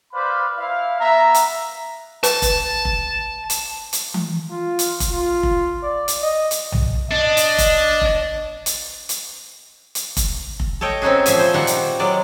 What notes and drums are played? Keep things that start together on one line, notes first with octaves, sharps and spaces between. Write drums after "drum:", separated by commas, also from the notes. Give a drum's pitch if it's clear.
B4 C5 D5 F5 B5
E4 F5
B3 E5 A#5
drum: hi-hat
B4 A5, drum: hi-hat
drum: kick F1, hi-hat
drum: kick F1
drum: hi-hat
drum: hi-hat
drum: tom E3
F4
drum: hi-hat
drum: kick F1, hi-hat
F4
drum: kick F1
D5
drum: hi-hat
D#5
drum: hi-hat
drum: tom B1
D4 D#5
drum: hi-hat
drum: kick F1, hi-hat
drum: kick F1
drum: hi-hat
drum: hi-hat
drum: hi-hat
drum: kick F1, hi-hat
drum: kick F1
A4 C#5 D#5 G5
C4 C#4 D#4 F#4 G#4
A#2 F3 E5 G#5, drum: hi-hat
C5
D#3 G3 F#4 F#5
drum: hi-hat
F#3 G#3 D5